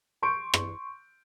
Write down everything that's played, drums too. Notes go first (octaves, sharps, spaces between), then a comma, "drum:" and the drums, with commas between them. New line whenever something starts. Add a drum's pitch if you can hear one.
C6 C#6 G6 D7
drum: rim click